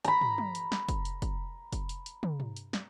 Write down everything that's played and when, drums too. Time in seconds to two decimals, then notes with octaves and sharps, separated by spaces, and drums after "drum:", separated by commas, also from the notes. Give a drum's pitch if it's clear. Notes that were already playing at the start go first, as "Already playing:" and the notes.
0.05 A#5 B5, drum: hi-hat
0.21 drum: tom
0.38 drum: tom
0.55 drum: hi-hat
0.72 drum: snare
0.89 drum: kick, hi-hat
1.05 drum: hi-hat
1.22 drum: kick, hi-hat
1.73 drum: kick, hi-hat
1.89 drum: hi-hat
2.06 drum: hi-hat
2.23 drum: tom
2.40 drum: tom
2.57 drum: hi-hat
2.73 drum: snare